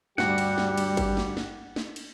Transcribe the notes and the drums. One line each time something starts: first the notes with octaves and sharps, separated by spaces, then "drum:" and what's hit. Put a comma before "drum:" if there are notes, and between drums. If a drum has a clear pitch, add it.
D2 G2 G3 F#4 G4 F#5, drum: snare
drum: cymbal
drum: snare
drum: cymbal
drum: kick G#1, cymbal
drum: snare
drum: snare
drum: snare
drum: cymbal